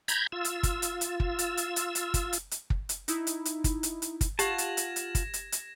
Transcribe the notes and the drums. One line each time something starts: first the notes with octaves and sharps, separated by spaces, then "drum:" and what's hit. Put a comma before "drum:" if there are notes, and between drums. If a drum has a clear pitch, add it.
A#5 B5 G6 G#6, drum: hi-hat
F4 E6
drum: hi-hat
drum: kick, hi-hat
drum: hi-hat
drum: hi-hat
drum: kick
drum: hi-hat
drum: hi-hat
drum: hi-hat
drum: hi-hat
drum: kick, hi-hat
drum: hi-hat
drum: hi-hat
drum: kick
drum: hi-hat
D#4 E4, drum: hi-hat
drum: hi-hat
drum: hi-hat
drum: kick, hi-hat
drum: hi-hat
drum: hi-hat
drum: kick, hi-hat
F4 G4 F#5 A5 G#6 A#6 E7, drum: hi-hat
drum: hi-hat
drum: hi-hat
drum: hi-hat
drum: kick, hi-hat
drum: hi-hat
drum: hi-hat